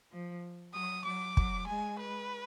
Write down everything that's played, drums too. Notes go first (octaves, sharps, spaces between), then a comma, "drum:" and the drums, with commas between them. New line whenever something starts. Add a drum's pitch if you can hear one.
F3
F#3 D#6
F#3 D6
F#3, drum: kick
G#3 G#5
B4